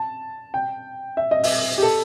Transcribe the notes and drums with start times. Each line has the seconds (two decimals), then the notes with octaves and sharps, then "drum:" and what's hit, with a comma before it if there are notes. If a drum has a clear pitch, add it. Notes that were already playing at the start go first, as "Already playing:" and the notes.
Already playing: A5
0.54 G5
1.17 E5
1.31 D#5
1.43 E5, drum: open hi-hat
1.78 G4
1.83 A4